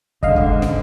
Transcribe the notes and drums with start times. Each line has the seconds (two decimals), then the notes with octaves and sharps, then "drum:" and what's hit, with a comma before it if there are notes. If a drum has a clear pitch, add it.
0.23 G#2 D3 D#5 F5, drum: kick
0.36 drum: kick
0.62 drum: snare